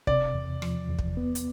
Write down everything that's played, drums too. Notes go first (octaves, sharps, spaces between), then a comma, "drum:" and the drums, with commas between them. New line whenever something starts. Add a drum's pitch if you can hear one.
C3 D5, drum: kick
E2
F3, drum: rim click
E2
drum: kick
B3
drum: hi-hat